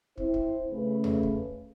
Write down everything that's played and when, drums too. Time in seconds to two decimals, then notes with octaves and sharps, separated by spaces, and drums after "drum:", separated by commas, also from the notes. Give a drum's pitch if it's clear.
0.17 C4 E4 C5, drum: kick
0.34 drum: kick
0.72 C#3 A3 B4
1.04 drum: tom E2
1.23 drum: kick